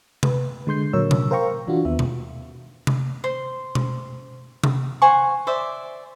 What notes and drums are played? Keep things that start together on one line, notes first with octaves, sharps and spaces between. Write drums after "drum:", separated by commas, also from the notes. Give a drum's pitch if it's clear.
B4, drum: tom C3
D3 G#3 C6 G6 C7
A#2 D3 F#3 A#4 C#5 E6
drum: tom C3
A#4 C5 F5 G5 A#5 C#6
E3 D4 F4 F#4
D#2 B3 E5
drum: tom B2
drum: tom C3
C5 C6
drum: tom B2
drum: tom C3
C5 F#5 G#5 C#6
C5 D5 E5